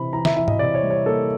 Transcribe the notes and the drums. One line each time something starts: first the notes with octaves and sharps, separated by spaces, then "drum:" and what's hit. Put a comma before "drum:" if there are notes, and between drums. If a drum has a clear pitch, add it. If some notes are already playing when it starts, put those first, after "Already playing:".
Already playing: C3 E3 B5
E3 A#5
E5, drum: snare
E3 E5
D#5, drum: tom G#2
C3 D5
C#5
G3
C#5
A#3 A4